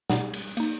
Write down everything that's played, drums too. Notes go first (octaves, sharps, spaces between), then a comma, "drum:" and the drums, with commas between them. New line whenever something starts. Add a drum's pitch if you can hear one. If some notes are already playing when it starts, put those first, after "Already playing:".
B2 F#5 A#5, drum: snare
drum: cymbal
A#3 D#4, drum: cymbal